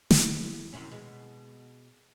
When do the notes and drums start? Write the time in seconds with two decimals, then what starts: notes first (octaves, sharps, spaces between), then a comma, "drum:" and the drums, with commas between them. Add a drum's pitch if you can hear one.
0.11 E4, drum: snare
0.73 F#2 C3 C#4
0.91 B2 G#3